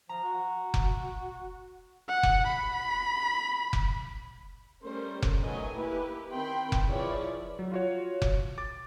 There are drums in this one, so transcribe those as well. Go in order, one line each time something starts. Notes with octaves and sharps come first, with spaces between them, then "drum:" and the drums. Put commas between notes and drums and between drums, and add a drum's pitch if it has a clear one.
F3 A#5
F#4
drum: kick F1
F#5
drum: kick F1
B5
drum: kick F1
G3 A3 C#4 A#4 C5
drum: kick F1
D#3 F#3 A3 B4 D#5 G#5
A#3 E4 G4 B4
D#3 C4 G5 B5 C6
drum: kick F1
F3 E4 G#4 B4 C#5 D5
F#3
F4 F#4 C#5
drum: kick F1
D6 A6